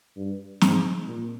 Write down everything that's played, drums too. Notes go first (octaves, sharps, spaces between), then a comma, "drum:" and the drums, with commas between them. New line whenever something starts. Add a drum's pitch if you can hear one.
G2
G#2, drum: snare
A#2